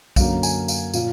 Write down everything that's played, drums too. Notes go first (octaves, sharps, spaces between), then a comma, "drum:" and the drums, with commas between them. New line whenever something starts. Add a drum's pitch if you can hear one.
F#2 D3 F#3 A#3 F5, drum: kick B1, tambourine
G#5, drum: tambourine
F5, drum: tambourine
A#2 F3 F5, drum: tambourine